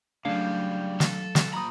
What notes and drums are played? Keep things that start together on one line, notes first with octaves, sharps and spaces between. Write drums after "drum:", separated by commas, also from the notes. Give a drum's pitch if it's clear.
C#3 F#3 G3 A3 D4 F5
A4, drum: snare
drum: snare
A#2 A#5 B5 D#6